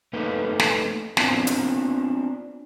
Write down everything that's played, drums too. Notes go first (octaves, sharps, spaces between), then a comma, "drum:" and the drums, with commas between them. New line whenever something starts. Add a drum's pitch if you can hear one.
A3 A#3 C#4 D#4 A#4 B4
drum: snare
B3 C4 D4 F4 A#4, drum: snare
drum: hi-hat